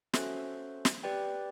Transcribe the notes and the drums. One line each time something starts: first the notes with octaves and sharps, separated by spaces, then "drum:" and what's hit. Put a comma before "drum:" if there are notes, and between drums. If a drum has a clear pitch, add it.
C#4 F#4 A4 C5 E5, drum: snare
drum: snare
G4 B4 D5 G5